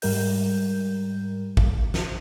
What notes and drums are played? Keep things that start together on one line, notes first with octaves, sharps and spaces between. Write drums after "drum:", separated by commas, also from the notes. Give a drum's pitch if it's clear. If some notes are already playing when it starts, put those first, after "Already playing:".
G#2 G3 A#4 G6, drum: open hi-hat
drum: kick
drum: snare